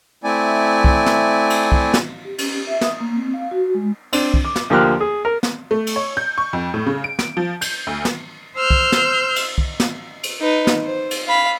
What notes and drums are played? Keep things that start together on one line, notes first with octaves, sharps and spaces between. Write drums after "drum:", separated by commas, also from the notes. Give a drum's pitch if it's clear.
A3 C4 E4 D5 G#5
drum: kick
drum: snare
drum: cymbal
drum: kick
drum: snare
G4
C#4, drum: cymbal
G4
E5
D#6, drum: snare
A#3
C4
F5
F#4
G#3
C4 D4, drum: cymbal
drum: kick
D6
drum: snare
D2 F3 A#3 G4 F6 F#6
G#4
A#4
drum: snare
A3
drum: cymbal
C#5
G6
C#6
F2
A2
C#3
D7
D7, drum: snare
F3
G6, drum: cymbal
D2
drum: snare
C5 E6 F6 G6
drum: kick
drum: snare
drum: cymbal
drum: kick
drum: snare
drum: cymbal
D#4 B4
drum: snare
C5
drum: cymbal
F5 B5